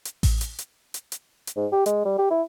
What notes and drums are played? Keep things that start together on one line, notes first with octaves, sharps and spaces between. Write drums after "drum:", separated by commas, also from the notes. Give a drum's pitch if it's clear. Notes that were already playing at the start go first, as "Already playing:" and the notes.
drum: hi-hat
drum: kick A1, open hi-hat
drum: hi-hat
drum: hi-hat
drum: hi-hat
drum: hi-hat
drum: hi-hat
G#2
G4
G#3, drum: hi-hat
G3
G4
E4